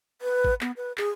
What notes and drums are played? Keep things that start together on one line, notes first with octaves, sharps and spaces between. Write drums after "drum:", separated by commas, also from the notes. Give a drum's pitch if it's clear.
B4
drum: kick
B3, drum: clap
B4
G#4, drum: clap